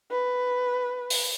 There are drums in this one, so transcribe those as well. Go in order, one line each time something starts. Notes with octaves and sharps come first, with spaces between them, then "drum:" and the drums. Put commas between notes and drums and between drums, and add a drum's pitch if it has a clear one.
B4
drum: open hi-hat